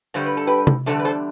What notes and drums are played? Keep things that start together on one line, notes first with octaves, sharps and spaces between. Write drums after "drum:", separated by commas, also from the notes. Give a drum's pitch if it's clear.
G2 D3 G3 C5
B4
A4
G4 B4
drum: tom
E2 D3 G3 D4 A4 C5
B4
A4 C5